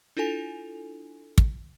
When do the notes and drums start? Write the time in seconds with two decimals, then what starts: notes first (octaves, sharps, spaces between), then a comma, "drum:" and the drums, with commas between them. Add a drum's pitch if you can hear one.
0.17 D4 E4 F4 A4 G#5 F7
1.38 drum: kick